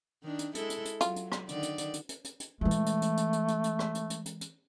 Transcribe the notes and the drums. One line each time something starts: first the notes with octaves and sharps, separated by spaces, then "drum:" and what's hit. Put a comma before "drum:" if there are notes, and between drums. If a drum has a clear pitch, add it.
D#3 D4
drum: hi-hat
G#3 E4 A4, drum: hi-hat
drum: hi-hat
drum: hi-hat
F#3 F4, drum: hi-hat
drum: hi-hat
drum: rim click
D3 D#3 D5, drum: hi-hat
drum: hi-hat
drum: hi-hat
drum: hi-hat
drum: hi-hat
drum: hi-hat
drum: hi-hat
E3 G#3 A3
drum: hi-hat
drum: hi-hat
drum: hi-hat
drum: hi-hat
drum: hi-hat
drum: hi-hat
drum: hi-hat
drum: rim click
drum: hi-hat
drum: hi-hat
drum: hi-hat
drum: hi-hat